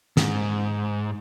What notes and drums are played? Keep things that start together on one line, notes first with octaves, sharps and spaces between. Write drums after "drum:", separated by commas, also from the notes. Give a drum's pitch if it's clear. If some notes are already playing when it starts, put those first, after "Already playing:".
G#2, drum: snare